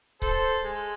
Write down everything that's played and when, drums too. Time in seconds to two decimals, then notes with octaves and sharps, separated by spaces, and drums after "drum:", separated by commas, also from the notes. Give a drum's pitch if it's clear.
0.22 A4 C5, drum: kick C#1
0.64 G#3